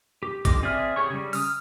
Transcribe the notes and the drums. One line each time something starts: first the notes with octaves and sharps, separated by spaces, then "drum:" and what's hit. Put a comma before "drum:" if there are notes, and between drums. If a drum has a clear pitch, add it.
G4
D3 F4 G4 D#5 D6, drum: kick, hi-hat
C4 G#4 D5 E5 F6
G4 G#4 C#5 C#6
C#3 G3
D#6 F6, drum: open hi-hat